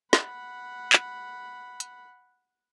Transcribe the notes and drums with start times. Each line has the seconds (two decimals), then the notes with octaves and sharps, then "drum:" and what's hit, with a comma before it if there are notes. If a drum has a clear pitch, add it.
0.13 F#5 B5, drum: snare
0.93 drum: clap
1.80 drum: hi-hat